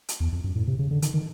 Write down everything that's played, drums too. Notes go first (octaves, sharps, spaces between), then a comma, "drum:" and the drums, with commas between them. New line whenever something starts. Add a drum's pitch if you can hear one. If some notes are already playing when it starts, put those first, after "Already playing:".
drum: hi-hat
E2
F2
F#2
A2
C3
C#3
D3
D#3, drum: hi-hat
D#3